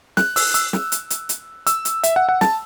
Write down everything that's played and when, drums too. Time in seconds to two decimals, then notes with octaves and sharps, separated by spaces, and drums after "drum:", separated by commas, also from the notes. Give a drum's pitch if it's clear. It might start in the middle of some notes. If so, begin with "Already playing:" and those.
0.17 F#6, drum: snare
0.36 E6, drum: open hi-hat
0.54 E6, drum: hi-hat
0.73 drum: snare
0.92 drum: hi-hat
1.10 drum: hi-hat
1.29 drum: hi-hat
1.67 E6, drum: hi-hat
1.85 drum: hi-hat
2.04 E5, drum: hi-hat
2.16 F#5
2.29 F#5
2.41 A5, drum: snare